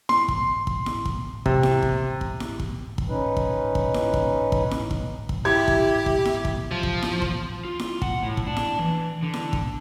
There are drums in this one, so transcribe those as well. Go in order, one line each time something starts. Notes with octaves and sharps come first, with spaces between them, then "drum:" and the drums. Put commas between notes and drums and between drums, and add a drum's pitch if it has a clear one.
C6, drum: snare E4
drum: kick
drum: kick
drum: snare E4
drum: kick
C3, drum: kick
drum: snare E4
drum: kick
drum: kick
drum: snare E4
drum: kick
drum: kick
C#4 D#4 B4
drum: kick
drum: kick
drum: snare E4
drum: kick
drum: kick
drum: snare E4
drum: kick
drum: kick
E4 G4 G#6
drum: kick
drum: kick
drum: snare E4
drum: kick
F3
drum: kick
drum: snare E4
drum: kick
F4
drum: snare E4
F#5, drum: kick
A2
drum: kick
D4
drum: snare E4
E3
D3
drum: snare E4
drum: kick